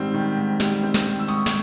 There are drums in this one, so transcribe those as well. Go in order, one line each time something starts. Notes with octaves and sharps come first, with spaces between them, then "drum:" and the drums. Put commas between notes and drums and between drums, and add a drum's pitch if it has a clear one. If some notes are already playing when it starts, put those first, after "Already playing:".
Already playing: G#2 D#3 G3 C4
D#3
G#2
G3, drum: snare
C4
drum: snare
D#3
E6
G#2 C#6 D#6, drum: hi-hat
drum: snare